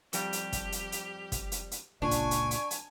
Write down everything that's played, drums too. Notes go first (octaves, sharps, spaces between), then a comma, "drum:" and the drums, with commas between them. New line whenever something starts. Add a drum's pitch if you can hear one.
F2 G3 G4, drum: hi-hat
drum: hi-hat
drum: kick, hi-hat
drum: hi-hat
drum: hi-hat
drum: kick, hi-hat
drum: hi-hat
drum: hi-hat
C#2 A#2 D4 D5 E5 G#5 C#6
drum: kick, hi-hat
drum: hi-hat
drum: hi-hat
drum: hi-hat